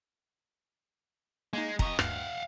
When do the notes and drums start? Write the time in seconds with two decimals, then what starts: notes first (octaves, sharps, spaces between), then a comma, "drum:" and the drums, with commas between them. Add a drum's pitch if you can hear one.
1.53 G#3 A#3 D#4
1.79 F2 D#5 A#5 C#6, drum: kick
1.99 D2 G2 F5 F#5, drum: rim click